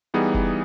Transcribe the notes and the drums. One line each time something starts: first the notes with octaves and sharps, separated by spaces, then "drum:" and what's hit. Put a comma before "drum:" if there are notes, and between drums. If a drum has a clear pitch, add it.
E3 G3 B3 D#4 G#4
drum: kick F1